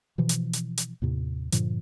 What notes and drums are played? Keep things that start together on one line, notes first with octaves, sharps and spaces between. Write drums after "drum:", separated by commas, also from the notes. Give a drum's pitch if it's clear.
B2 E3 F3
drum: hi-hat
drum: hi-hat
drum: hi-hat
D#2 A2 C3
G2 A#2 D3 F3, drum: hi-hat